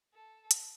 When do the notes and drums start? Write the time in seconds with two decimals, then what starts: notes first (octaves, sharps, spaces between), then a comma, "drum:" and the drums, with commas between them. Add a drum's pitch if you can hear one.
0.13 A4
0.51 drum: hi-hat